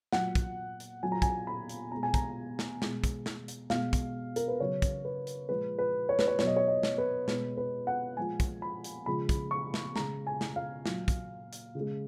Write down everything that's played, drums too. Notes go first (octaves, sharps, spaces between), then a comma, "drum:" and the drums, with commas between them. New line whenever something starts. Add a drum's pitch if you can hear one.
A#2 F#3 F#5, drum: snare
drum: kick, hi-hat
drum: hi-hat
A#2 F#3 G#5
A#5
G#5, drum: kick, hi-hat
B5
drum: hi-hat
B2 G#3 A#5
G#5
A#5, drum: kick, hi-hat
drum: snare
B2 G#3, drum: snare
drum: kick, hi-hat
drum: snare
drum: hi-hat
B2 G#3 F5, drum: snare
drum: kick, hi-hat
A#4, drum: hi-hat
B4
C#3 F#3 C#5
drum: kick, hi-hat
B4
drum: hi-hat
A#2 F3 G#3 B4
B4
C#5
B4, drum: snare
C#5
B2 F#3 C#5, drum: snare
D#5
C#5
D#5
drum: snare
B4
B2 G#3 B4, drum: snare
B4
F#5
A#2 F3 G#3 G#5
drum: kick, hi-hat
B5
drum: hi-hat
C#3 F3 G#3 B5
drum: kick, hi-hat
C#6
drum: snare
C#3 G#3 A#5, drum: snare
G#5
drum: snare
F5
A#2 F#3, drum: snare
drum: kick, hi-hat
drum: hi-hat
C#3 G#3